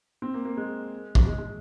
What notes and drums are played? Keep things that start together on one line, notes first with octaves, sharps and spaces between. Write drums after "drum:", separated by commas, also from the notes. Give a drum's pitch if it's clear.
C4
A#3
A#3
G#3
drum: kick
G#3
G#3